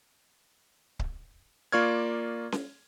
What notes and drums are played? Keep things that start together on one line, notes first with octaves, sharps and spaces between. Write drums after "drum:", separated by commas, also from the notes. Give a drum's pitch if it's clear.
drum: kick C#1
A#3 F4 D5 C#6 F6 G#6
drum: snare C#4